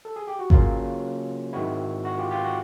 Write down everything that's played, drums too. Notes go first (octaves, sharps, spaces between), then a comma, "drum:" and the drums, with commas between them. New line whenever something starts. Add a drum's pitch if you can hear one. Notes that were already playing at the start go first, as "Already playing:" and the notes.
A4
G#4
G4
F#4
C#3 F#3 A#3 C#4 F4, drum: kick G#1
G#2 D#3 G#3 C4 E4 F#4
F#4
F4 G4
F4 G4
F#4